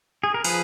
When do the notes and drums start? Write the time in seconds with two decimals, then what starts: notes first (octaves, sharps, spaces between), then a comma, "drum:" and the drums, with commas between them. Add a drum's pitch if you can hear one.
0.24 G#4
0.34 A#4
0.44 F3 G#4 B4, drum: open hi-hat